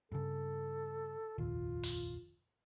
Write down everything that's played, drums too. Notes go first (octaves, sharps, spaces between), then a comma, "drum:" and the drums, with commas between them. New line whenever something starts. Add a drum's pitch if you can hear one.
G2 C#3 A4
F1 A#1 D#2 F4
drum: open hi-hat